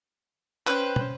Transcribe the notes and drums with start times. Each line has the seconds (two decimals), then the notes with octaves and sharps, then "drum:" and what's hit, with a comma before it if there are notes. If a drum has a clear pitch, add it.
0.67 C#4 B4 C5 G5, drum: clap
0.96 drum: tom